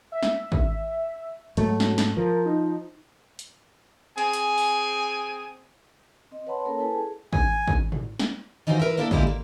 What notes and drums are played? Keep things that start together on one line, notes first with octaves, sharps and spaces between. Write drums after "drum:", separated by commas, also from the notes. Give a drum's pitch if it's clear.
E5
drum: snare
drum: kick
G#2 F#3 A3, drum: cymbal
drum: snare
drum: snare
F3 A#4
D#4
drum: hi-hat
C4 G#4 G#5, drum: cymbal
drum: hi-hat
drum: open hi-hat
C4 D#5
B4 C#5 F#5 A5 B5 C6
A#3 C#4 A4 A#4 C#5 A5
E4 A4 B4 G#5 A5
G#4
G#5, drum: kick
drum: kick
drum: tom G#2
drum: snare
D#3 E3 D#4 F4 F#4 C5
E3 A#4 B4 E5
A3 A#3 D4 E4 G#4 A4
D3 G#3 A#3 E4 F4 G4, drum: kick
A#3